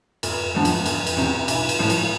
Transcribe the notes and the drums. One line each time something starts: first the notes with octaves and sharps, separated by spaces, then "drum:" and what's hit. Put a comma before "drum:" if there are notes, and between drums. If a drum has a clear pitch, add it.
F1, drum: cymbal
E2 D3 F3 B3
drum: cymbal
F1, drum: cymbal
drum: cymbal
E2 C3
B1, drum: cymbal
drum: cymbal
A2 F3 A3
drum: cymbal